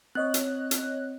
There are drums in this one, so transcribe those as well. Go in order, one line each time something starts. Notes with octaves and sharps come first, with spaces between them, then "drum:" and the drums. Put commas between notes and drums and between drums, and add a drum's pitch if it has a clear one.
C4 C#5 D#5 F#6
drum: hi-hat
drum: hi-hat